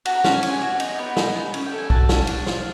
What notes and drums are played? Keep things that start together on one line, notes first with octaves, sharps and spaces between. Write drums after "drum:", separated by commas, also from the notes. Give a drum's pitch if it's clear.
F#4 A5, drum: cymbal
A#5
C#4 A5, drum: snare
G#5
C#4, drum: cymbal
F#4
D#4, drum: cymbal
B3
D#4 G#5, drum: snare
B3
C#4, drum: cymbal
G5
A4
G#5
F#4 A5, drum: kick B1
C#4, drum: snare
D4, drum: cymbal
F4, drum: snare